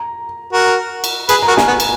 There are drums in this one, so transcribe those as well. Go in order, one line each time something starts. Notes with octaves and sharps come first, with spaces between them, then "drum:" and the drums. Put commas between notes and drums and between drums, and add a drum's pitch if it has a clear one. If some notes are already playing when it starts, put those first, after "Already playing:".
Already playing: A#5
F#4 A#4
drum: cymbal
G#4 B4 G#5, drum: cymbal
A#5
F#4 A#4
G#5, drum: snare
B3
drum: cymbal